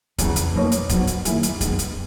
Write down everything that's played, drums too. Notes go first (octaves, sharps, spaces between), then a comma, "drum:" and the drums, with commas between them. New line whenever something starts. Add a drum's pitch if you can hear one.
E2 C#3 E3, drum: kick D1, hi-hat
drum: hi-hat
B2 A#3 D#4 A#4 C#5
drum: hi-hat
G#2 F#3 B3, drum: kick D1, hi-hat
drum: hi-hat
D#3 A#3 E4 G#4, drum: hi-hat
drum: hi-hat
F#2 D#3 G#3 B3, drum: kick D1, hi-hat
drum: hi-hat